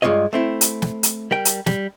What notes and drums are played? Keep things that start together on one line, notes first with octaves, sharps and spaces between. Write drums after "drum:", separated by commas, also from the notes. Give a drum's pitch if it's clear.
G2 G#3 F4 C#5 D#5
A3 C4 E4
drum: hi-hat
drum: snare
drum: hi-hat
G3 A#4 G5
drum: hi-hat
G3, drum: snare